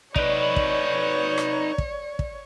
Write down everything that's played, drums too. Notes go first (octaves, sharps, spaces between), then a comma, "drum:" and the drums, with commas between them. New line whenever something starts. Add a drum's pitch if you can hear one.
D#4 B4 C#5 D5, drum: kick
drum: kick
drum: rim click
drum: kick
drum: kick